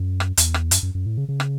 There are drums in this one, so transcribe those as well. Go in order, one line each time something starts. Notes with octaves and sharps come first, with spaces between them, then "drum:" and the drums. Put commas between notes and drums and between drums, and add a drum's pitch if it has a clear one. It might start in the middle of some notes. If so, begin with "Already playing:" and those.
Already playing: F#2
drum: rim click
E2, drum: hi-hat
drum: rim click
F#2, drum: hi-hat
F#2
F#2
A2
C#3
C#3
drum: rim click